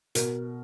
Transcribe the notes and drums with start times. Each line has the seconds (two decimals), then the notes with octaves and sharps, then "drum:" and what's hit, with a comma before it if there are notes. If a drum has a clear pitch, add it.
0.15 B2 A#4, drum: hi-hat